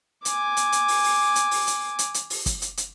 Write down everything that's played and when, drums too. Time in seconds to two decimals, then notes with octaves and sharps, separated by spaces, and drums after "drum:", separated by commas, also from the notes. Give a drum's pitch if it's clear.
0.25 G#5 D6, drum: hi-hat
0.57 drum: hi-hat
0.72 drum: hi-hat
0.88 drum: open hi-hat
1.04 drum: open hi-hat
1.35 drum: hi-hat
1.51 drum: open hi-hat
1.67 drum: hi-hat
1.99 drum: hi-hat
2.14 drum: hi-hat
2.30 drum: open hi-hat
2.46 drum: kick F#1, hi-hat
2.62 drum: hi-hat
2.77 drum: hi-hat